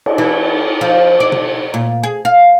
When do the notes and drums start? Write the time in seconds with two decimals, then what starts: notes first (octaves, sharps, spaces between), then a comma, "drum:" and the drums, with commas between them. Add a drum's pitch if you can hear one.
0.06 drum: cymbal
0.18 E3
0.81 F3
1.20 D5
1.32 drum: tom B2
1.74 A#2
2.03 G#4
2.25 F5